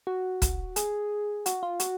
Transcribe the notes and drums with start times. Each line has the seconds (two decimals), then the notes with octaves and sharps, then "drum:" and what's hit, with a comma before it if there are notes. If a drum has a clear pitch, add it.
0.07 F#4
0.42 drum: kick, hi-hat
0.76 G#4, drum: hi-hat
1.46 F#4, drum: hi-hat
1.63 F4
1.80 F#4, drum: hi-hat